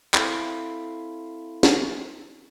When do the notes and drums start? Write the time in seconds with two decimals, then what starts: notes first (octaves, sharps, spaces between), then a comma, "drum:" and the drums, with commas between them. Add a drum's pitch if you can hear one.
0.14 C4 E4 A4 F5 B5 C6, drum: clap
1.63 drum: snare